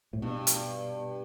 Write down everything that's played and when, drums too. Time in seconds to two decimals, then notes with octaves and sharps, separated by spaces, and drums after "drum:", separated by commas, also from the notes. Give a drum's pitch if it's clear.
0.13 A2
0.22 G2 B2
0.47 drum: hi-hat